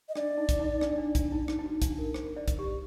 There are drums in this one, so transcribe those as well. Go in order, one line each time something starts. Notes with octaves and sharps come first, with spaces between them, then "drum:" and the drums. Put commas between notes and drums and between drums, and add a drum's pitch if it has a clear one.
D#5
D4 D5, drum: rim click
D#4
drum: kick, hi-hat
D#4
D4, drum: rim click
D4
D4, drum: kick, hi-hat
D#4
drum: rim click
D#4
F#4
D4, drum: kick, hi-hat
A#4
C5, drum: rim click
D5
drum: kick, hi-hat
G4